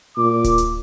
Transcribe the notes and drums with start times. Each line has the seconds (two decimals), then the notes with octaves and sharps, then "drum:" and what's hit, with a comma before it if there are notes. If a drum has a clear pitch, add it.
0.17 A#2 D6
0.44 drum: kick D1, hi-hat
0.58 drum: hi-hat